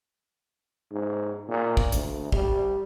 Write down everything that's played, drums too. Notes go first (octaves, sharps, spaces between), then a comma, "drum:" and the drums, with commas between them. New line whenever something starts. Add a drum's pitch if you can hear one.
G#2
A#2
drum: kick
D2, drum: hi-hat
G3, drum: kick